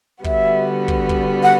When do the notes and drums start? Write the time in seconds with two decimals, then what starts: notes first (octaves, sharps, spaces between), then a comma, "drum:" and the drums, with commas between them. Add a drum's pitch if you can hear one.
0.24 D3 G3 B3 F#4 E5, drum: kick
0.88 drum: kick
1.09 drum: kick
1.43 F#5